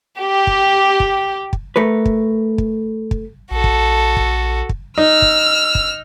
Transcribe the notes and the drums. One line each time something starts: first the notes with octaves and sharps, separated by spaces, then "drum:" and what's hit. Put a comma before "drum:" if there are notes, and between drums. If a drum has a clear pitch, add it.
G4
drum: kick
drum: kick
drum: kick
A3 A#4 B4
drum: kick
drum: kick
drum: kick
A#1 F#4 A4
drum: kick
drum: kick
drum: kick
D#4 E6 F6
drum: kick
drum: kick